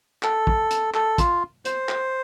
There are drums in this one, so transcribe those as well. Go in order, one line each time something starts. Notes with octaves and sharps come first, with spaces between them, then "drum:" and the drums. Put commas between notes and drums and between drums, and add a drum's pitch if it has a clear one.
A4, drum: clap
drum: kick
drum: hi-hat
A4, drum: clap
F4, drum: kick, hi-hat
C5, drum: hi-hat
drum: clap